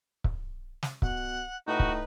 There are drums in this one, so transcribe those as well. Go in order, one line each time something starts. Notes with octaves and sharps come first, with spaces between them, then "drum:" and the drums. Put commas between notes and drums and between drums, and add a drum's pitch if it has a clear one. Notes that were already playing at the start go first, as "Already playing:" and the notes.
drum: kick C#1
drum: snare
B2 F#5, drum: kick C#1
A2 D#4 F#4 B4
drum: kick C#1